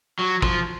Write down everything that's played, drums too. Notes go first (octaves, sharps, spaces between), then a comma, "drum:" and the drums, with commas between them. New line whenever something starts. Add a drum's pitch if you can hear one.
F#3
F3, drum: kick